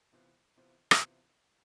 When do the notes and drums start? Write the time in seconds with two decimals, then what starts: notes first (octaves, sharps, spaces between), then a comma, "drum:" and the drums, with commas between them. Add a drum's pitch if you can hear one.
0.13 C3 E3 B3 F4 C5
0.56 C3 E3 B3 F4 C5
0.91 drum: rim click
1.00 C3 E3 B3 F4 C5